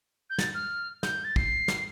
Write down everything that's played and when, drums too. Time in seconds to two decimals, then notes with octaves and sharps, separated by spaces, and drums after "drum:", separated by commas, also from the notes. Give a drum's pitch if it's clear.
0.30 G6
0.39 A6, drum: snare
0.54 F6
1.03 G6, drum: snare
1.24 A6
1.36 C7, drum: kick
1.68 drum: snare